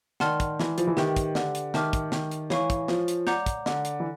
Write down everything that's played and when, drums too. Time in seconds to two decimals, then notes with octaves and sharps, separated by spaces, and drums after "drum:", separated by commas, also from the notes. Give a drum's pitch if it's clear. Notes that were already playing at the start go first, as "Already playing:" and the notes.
0.20 D#3 D5 F#5 A5 C6 F6, drum: snare
0.40 drum: kick, hi-hat
0.60 E3, drum: snare
0.78 F3, drum: hi-hat
0.87 E3
0.97 D#3 G4 B4 E5 G5, drum: snare
1.16 drum: kick, hi-hat
1.35 D3, drum: snare
1.55 drum: hi-hat
1.74 D#3 E5 A5 D6 F6, drum: snare
1.93 drum: kick, hi-hat
2.12 D#3, drum: snare
2.31 drum: hi-hat
2.50 E3 C#5 F5 G#5 C#6, drum: snare
2.70 drum: kick, hi-hat
2.88 F3, drum: snare
3.08 drum: hi-hat
3.27 D5 F#5 A#5 D6 G6, drum: snare
3.46 drum: kick, hi-hat
3.66 D3, drum: snare
3.85 drum: hi-hat
4.00 E3